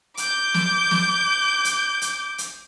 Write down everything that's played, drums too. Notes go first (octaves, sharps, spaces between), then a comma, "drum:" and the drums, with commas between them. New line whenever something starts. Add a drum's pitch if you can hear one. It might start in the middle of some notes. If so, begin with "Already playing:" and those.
D6 G6, drum: hi-hat
drum: snare
drum: snare
drum: hi-hat
drum: hi-hat
drum: hi-hat